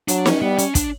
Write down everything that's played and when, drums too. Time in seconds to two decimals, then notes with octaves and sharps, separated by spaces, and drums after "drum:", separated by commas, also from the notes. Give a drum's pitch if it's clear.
0.08 F#3 D4, drum: hi-hat
0.26 C#4, drum: snare
0.42 G3 B3
0.58 C#4, drum: hi-hat
0.75 D4, drum: kick, hi-hat